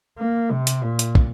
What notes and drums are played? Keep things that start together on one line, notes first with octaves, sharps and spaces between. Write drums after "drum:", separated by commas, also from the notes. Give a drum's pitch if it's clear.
A#3
C3
drum: hi-hat
A#2
drum: hi-hat
drum: kick